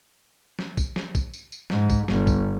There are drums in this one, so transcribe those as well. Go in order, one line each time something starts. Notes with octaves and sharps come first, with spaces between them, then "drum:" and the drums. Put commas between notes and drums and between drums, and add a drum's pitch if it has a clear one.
drum: snare
drum: kick, tambourine
drum: snare
drum: kick, tambourine
drum: tambourine
drum: tambourine
G#2, drum: snare
drum: kick, tambourine
G1, drum: snare
drum: kick, tambourine